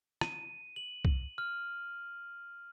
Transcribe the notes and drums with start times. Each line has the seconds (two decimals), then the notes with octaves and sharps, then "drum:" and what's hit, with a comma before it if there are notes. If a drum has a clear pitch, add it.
0.21 D#7, drum: rim click
0.76 F#7
1.05 drum: kick
1.38 F6